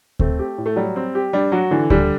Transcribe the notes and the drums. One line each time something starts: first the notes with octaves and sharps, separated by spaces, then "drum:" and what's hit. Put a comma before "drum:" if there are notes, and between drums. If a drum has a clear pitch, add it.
A3 C4, drum: kick D2
G4
A2
A3
F#3 G3
C4
G4
G3 D4
F#3 F#4
D3 E3
D3 G3, drum: kick D2